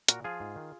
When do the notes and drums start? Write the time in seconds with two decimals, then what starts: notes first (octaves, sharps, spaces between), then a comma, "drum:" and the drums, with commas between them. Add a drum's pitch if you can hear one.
0.08 A#2 F#4 A#4, drum: hi-hat
0.24 F3 F4 G#4
0.40 G#2
0.56 D#3